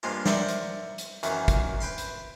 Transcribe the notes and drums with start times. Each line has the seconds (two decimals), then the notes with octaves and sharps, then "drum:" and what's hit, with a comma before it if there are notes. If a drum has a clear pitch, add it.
0.03 G2 F3 G#3 A#3 F4
0.26 A#4 C5 D5 E5 F#5, drum: snare
0.48 drum: hi-hat
0.98 drum: hi-hat
1.23 F#2 D#3 E3, drum: hi-hat
1.48 drum: kick, hi-hat
1.80 B4 G5 B5 C6
1.98 drum: hi-hat